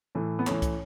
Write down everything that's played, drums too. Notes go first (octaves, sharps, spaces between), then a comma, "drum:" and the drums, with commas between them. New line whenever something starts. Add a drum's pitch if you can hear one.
A2 E3
B3
A2 E3 C#4, drum: clap
drum: kick, hi-hat